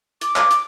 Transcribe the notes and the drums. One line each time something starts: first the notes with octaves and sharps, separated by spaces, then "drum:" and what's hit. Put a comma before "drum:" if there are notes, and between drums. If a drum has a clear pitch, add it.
D6, drum: hi-hat
drum: clap
drum: hi-hat